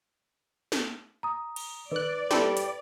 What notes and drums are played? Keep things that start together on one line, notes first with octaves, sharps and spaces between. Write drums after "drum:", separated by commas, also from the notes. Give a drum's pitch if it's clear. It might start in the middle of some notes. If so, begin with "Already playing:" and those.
drum: snare
A#5 D#6
drum: cymbal
D#3 B4 D5 F#6
G3 E4 A4 C5, drum: snare
drum: hi-hat